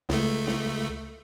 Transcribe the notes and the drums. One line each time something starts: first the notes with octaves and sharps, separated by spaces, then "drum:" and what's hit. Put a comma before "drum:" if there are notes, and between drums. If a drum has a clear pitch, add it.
C#2 A3, drum: snare
drum: snare